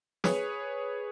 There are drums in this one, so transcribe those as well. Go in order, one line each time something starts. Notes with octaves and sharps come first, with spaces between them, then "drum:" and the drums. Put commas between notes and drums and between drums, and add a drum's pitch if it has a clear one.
G#4 B4 C#5, drum: snare